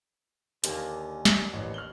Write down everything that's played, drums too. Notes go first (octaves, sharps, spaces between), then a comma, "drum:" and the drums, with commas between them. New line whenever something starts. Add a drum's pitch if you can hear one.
D#2 D3 D#3 A#3 G#5, drum: hi-hat
drum: snare
A1 D#5
F6 F#7 G7